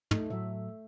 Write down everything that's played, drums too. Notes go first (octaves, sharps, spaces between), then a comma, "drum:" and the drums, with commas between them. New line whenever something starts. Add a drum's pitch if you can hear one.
A3 D#4, drum: tom
A2 F#3 E5